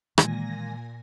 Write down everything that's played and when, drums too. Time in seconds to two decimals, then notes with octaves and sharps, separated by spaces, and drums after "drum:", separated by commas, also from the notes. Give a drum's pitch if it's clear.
0.18 A#2 D#3 E3 G#3 G#5 A#6, drum: rim click